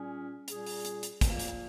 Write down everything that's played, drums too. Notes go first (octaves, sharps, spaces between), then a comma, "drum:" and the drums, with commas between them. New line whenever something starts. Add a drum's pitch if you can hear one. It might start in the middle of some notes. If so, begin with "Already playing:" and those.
Already playing: A#2 G3 C#4 G#4
A#2 G3 C#4 G#4, drum: hi-hat
drum: open hi-hat
drum: hi-hat
drum: hi-hat
A#2 F3 A#3, drum: kick, hi-hat
drum: hi-hat